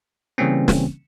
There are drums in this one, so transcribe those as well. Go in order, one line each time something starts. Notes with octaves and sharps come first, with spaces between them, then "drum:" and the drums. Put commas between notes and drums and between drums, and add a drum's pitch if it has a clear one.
C#3 E3 G3 A#3 C4 C#4
drum: snare